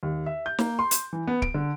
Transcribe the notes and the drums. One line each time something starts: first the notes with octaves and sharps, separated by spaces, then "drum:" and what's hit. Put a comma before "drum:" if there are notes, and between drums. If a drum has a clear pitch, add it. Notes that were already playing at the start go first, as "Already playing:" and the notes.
D#2
E5
G6
A#3, drum: snare
C6
drum: hi-hat
E3
B3
D7, drum: kick D1
D3